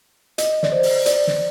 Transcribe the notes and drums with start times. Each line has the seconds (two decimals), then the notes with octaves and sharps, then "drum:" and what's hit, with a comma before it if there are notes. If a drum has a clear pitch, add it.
0.38 D#5, drum: hi-hat
0.63 D5, drum: snare
0.72 C5
0.83 drum: open hi-hat
1.06 D5, drum: hi-hat
1.27 drum: snare